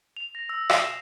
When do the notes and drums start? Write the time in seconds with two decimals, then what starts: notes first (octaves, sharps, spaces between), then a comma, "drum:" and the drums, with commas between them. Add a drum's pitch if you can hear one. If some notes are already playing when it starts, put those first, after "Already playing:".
0.17 F7
0.35 A#6
0.49 E6
0.70 C7, drum: rim click
0.85 E7